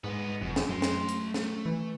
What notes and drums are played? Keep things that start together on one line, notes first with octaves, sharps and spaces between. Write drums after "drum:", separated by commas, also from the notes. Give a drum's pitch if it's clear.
G#2 G#3 B3
F1 F#2
drum: snare
F#2 A3 C6
drum: snare
drum: hi-hat
A3, drum: snare
E3